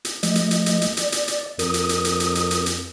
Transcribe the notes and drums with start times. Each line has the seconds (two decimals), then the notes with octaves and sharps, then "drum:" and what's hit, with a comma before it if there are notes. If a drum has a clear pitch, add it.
0.05 drum: hi-hat
0.23 F3 A3 D#5, drum: hi-hat
0.35 drum: hi-hat
0.51 drum: hi-hat
0.66 drum: hi-hat
0.81 drum: hi-hat
0.97 D5, drum: hi-hat
1.12 drum: hi-hat
1.28 drum: hi-hat
1.59 F2 A#4 D#6, drum: hi-hat
1.74 drum: hi-hat
1.89 drum: hi-hat
2.05 drum: hi-hat
2.20 drum: hi-hat
2.35 drum: hi-hat
2.51 drum: hi-hat
2.66 drum: hi-hat